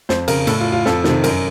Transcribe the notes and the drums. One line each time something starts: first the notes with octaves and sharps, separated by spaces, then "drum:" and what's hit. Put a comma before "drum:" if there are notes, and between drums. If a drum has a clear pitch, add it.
F2 C5, drum: snare
C#3 A#4, drum: cymbal
A2 A4, drum: cymbal
F4
F4
F2 A4, drum: snare
C3 D#3, drum: snare
F#2 A#4, drum: cymbal